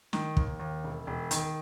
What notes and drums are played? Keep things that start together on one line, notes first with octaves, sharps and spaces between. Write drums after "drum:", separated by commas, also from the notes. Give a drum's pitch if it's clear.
D#3, drum: snare
D#2, drum: kick
D#2
E1
E1
D#3, drum: hi-hat